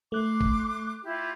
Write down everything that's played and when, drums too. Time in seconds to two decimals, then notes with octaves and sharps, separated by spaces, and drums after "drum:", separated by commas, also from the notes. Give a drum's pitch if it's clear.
0.12 A3 C6 D6 F#6
0.41 drum: kick
1.03 E4 F4 G4